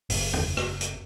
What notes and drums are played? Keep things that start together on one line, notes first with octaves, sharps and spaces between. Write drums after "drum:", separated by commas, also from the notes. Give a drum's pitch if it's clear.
F#1, drum: open hi-hat
drum: tom
drum: rim click
drum: hi-hat